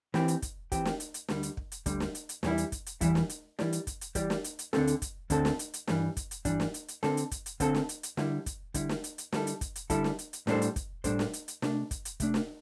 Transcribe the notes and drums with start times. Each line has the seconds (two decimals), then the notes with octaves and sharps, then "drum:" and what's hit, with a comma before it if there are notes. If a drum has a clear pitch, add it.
0.14 E3 C4 G4, drum: snare
0.28 drum: hi-hat
0.42 drum: kick, hi-hat
0.72 E3 C4 G4, drum: kick, hi-hat
0.85 drum: snare
1.00 drum: hi-hat
1.14 drum: hi-hat
1.28 D2 D3 G3, drum: snare
1.43 drum: hi-hat
1.57 drum: kick
1.72 drum: hi-hat
1.86 D2 D3 G3, drum: kick, hi-hat
2.00 drum: snare
2.15 drum: hi-hat
2.29 drum: hi-hat
2.43 E2 E3 G3 E4, drum: snare
2.58 drum: hi-hat
2.72 drum: kick, hi-hat
2.86 drum: hi-hat
3.01 E2 E3 G3 E4, drum: kick, hi-hat
3.15 drum: snare
3.30 drum: hi-hat
3.59 E3 G3 E4 G4 D5, drum: snare
3.73 drum: hi-hat
3.87 drum: kick, hi-hat
4.01 drum: hi-hat
4.15 E3 G3 E4 G4 D5, drum: kick, hi-hat
4.30 drum: snare
4.44 drum: hi-hat
4.59 drum: hi-hat
4.73 D2 D3 C4 A4, drum: snare
4.87 drum: hi-hat
5.02 drum: kick, hi-hat
5.30 D2 D3 C4 A4, drum: kick, hi-hat
5.45 drum: snare
5.59 drum: hi-hat
5.74 drum: hi-hat
5.87 G2 E3 G3 D4, drum: snare
6.17 drum: kick, hi-hat
6.31 drum: hi-hat
6.45 G2 E3 G3 D4, drum: kick, hi-hat
6.60 drum: snare
6.74 drum: hi-hat
6.88 drum: hi-hat
7.03 D3 C4 A4, drum: snare
7.17 drum: hi-hat
7.31 drum: kick, hi-hat
7.46 drum: hi-hat
7.60 D3 C4 A4, drum: kick, hi-hat
7.75 drum: snare
7.89 drum: hi-hat
8.03 drum: hi-hat
8.17 D3 G3 E4, drum: snare
8.46 drum: kick, hi-hat
8.74 D3 G3 E4, drum: kick, hi-hat
8.89 drum: snare
9.04 drum: hi-hat
9.18 drum: hi-hat
9.32 D3 G3 E4 A4, drum: snare
9.47 drum: hi-hat
9.61 drum: kick, hi-hat
9.76 drum: hi-hat
9.90 D3 G3 E4 A4, drum: kick, hi-hat
10.04 drum: snare
10.19 drum: hi-hat
10.33 drum: hi-hat
10.47 A2 G3 D4 A4 C5, drum: snare
10.62 drum: hi-hat
10.76 drum: kick, hi-hat
11.04 A2 G3 D4 A4 C5, drum: kick, hi-hat
11.19 drum: snare
11.33 drum: hi-hat
11.48 drum: hi-hat
11.62 C3 A3 D4, drum: snare
11.91 drum: kick, hi-hat
12.05 drum: hi-hat
12.20 C3 A3 D4, drum: kick, hi-hat
12.34 drum: snare